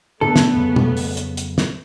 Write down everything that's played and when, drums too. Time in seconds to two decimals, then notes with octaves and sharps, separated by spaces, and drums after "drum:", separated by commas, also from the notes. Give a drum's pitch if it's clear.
0.21 A2 D3 A3 B3 D4 A4
0.36 drum: snare
0.56 F2 C#3 F#3
0.76 drum: tom
0.97 drum: open hi-hat
1.17 drum: hi-hat
1.37 drum: hi-hat
1.58 drum: snare